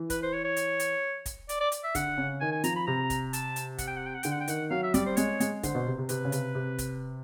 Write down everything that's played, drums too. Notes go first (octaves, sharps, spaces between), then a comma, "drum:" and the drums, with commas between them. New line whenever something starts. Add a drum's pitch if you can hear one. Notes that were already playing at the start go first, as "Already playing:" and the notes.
Already playing: E3
B4, drum: kick, hi-hat
C5
C#5
C#5
drum: hi-hat
drum: hi-hat
drum: kick, hi-hat
D5, drum: hi-hat
D5
drum: hi-hat
E5
D3 F#5, drum: kick, hi-hat
C#3
D#3 G#5
G#5
F3 A#5, drum: hi-hat
B5
C3 A#5
drum: kick, hi-hat
A5, drum: hi-hat
drum: hi-hat
F#5, drum: kick, hi-hat
G5
F#5
G5
F#5
D3 G5, drum: hi-hat
F#5
G5
D#3 F#5, drum: hi-hat
F#3 F5
E5
G3 D5, drum: kick, hi-hat
C5
G#3 C#5, drum: hi-hat
G#3, drum: hi-hat
D3 C5, drum: kick, hi-hat
B2
C3
C3
C3 B4, drum: hi-hat
C#3
C3, drum: hi-hat
C3
drum: kick, hi-hat